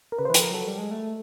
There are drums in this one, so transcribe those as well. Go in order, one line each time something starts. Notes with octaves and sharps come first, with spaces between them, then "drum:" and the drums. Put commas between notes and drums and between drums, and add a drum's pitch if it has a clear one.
A#4
C#3 B4
C5
E3 B4
F3 A4, drum: hi-hat
A#4
F#3 A4
G3
G#3
A3